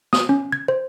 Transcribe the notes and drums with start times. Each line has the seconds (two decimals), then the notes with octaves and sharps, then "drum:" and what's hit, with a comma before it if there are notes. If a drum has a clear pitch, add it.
0.13 D#6, drum: snare
0.29 C#4
0.52 G#6
0.68 C5